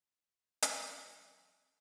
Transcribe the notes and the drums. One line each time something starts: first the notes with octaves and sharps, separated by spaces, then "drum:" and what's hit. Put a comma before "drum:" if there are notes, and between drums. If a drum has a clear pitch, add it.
E3 F#3 C4, drum: hi-hat